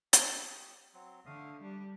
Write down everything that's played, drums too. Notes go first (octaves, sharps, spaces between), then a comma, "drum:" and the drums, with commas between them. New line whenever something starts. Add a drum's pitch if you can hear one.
G4 D#6, drum: hi-hat
F#3 C4
D3 A3 F5 D#6
G3 D4